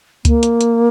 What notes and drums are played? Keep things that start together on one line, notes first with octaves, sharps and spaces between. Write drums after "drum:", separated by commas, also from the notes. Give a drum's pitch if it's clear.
A#3, drum: kick C#2, hi-hat
drum: hi-hat
drum: hi-hat